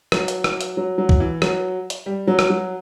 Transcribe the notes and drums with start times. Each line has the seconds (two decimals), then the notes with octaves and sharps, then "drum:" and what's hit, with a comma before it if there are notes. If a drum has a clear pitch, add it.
0.12 F#3, drum: rim click
0.28 drum: hi-hat
0.44 drum: rim click
0.61 drum: hi-hat
0.77 F#3
0.98 F#3
1.09 drum: kick C2
1.20 E3
1.42 F#3, drum: rim click
1.90 drum: hi-hat
2.06 G3
2.27 F#3
2.39 drum: rim click
2.50 F#3